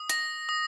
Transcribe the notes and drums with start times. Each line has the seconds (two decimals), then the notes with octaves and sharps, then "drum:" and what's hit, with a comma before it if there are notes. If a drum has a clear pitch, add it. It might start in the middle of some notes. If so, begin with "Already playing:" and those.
Already playing: D#6
0.09 A#6, drum: hi-hat
0.49 D#6